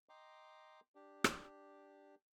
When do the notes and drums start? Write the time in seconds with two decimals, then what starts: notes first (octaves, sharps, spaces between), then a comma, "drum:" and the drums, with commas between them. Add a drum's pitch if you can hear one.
0.09 D#5 G5 A#5 C6 D6
0.95 D4 G4
1.24 drum: rim click